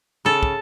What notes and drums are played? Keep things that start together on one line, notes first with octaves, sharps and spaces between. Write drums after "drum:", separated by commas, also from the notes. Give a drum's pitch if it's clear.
C#3 A4
drum: kick